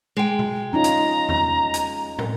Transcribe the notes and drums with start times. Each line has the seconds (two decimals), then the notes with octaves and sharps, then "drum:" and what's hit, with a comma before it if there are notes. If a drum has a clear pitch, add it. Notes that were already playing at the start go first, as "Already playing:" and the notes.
0.17 G#3 G5
0.39 drum: tom B2
0.73 C#4 D#4 F4 A#5
0.84 drum: hi-hat
1.29 drum: tom E2
1.74 drum: hi-hat
2.19 drum: tom